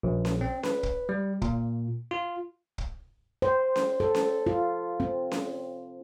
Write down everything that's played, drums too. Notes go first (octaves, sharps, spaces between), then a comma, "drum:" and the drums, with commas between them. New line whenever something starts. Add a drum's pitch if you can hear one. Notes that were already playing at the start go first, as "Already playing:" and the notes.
A#1
drum: snare C#4
C4
B4, drum: snare C#4
drum: kick
G3
A#2, drum: kick
F4
drum: kick
C5
drum: snare C#4
A4
drum: snare C#4
F4
C4
drum: snare C#4